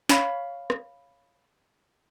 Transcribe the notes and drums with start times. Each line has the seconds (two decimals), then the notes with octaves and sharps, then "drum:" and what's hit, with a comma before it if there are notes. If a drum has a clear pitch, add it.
0.09 C#5 F5 B5, drum: snare
0.70 drum: rim click